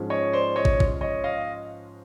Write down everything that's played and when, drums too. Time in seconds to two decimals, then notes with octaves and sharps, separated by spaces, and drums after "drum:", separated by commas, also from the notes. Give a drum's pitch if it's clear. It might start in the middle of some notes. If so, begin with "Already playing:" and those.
Already playing: G#2 F3 G#3 C#4
0.10 C#5 D#5
0.33 C5 D5
0.56 C#5 D#5
0.65 drum: kick
0.80 drum: kick
1.01 C#5 D#5
1.24 D#5 F5